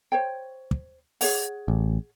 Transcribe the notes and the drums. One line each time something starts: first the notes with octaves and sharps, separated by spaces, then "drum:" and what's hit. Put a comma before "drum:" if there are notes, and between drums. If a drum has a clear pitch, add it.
C5 C#5 G5
drum: kick
G#4 C#5 F#5, drum: open hi-hat
A1